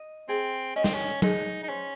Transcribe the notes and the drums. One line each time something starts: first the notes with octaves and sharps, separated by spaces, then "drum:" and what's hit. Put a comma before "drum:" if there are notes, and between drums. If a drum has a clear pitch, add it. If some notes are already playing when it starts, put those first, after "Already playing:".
Already playing: D#5
C4 G#4
C#4 D#5
C4, drum: snare
C#4
D#4 G#4, drum: tom F#3
D#4
C#4 C5